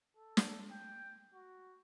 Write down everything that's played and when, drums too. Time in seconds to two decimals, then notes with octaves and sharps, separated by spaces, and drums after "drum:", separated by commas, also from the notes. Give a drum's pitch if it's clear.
0.17 A4
0.37 drum: snare
0.71 G5
1.34 F#4